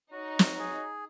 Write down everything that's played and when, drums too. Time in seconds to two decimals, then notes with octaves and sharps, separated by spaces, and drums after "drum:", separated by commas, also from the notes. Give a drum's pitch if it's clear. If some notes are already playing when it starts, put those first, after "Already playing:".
0.12 D#4 F#4 C#5
0.39 drum: snare
0.59 G#4